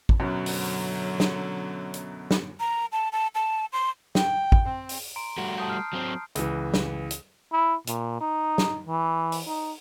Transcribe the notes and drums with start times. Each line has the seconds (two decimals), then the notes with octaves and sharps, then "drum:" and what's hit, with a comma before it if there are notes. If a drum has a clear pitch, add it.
0.09 drum: kick
0.20 F#2 B2 D3 F#3
0.46 drum: open hi-hat
1.20 drum: snare
1.94 drum: hi-hat
2.31 drum: snare
2.60 A#5
2.92 A5
3.12 A5
3.35 A5
3.73 C6
4.15 G5, drum: snare
4.52 drum: kick
4.65 C4
4.89 drum: open hi-hat
5.16 A#5 C6 D7
5.38 G3 A3 F#4
5.58 A5 D#6 G6
5.70 F6 C7
5.93 F#3 C4
6.35 C#2 E3, drum: hi-hat
6.74 drum: snare
7.11 drum: hi-hat
7.52 E4
7.87 A#2, drum: hi-hat
8.21 D#4
8.58 drum: snare
8.86 E3
9.32 drum: open hi-hat
9.47 D#4